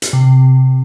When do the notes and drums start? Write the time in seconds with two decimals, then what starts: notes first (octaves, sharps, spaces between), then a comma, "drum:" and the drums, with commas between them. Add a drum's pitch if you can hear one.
0.02 drum: hi-hat
0.13 C3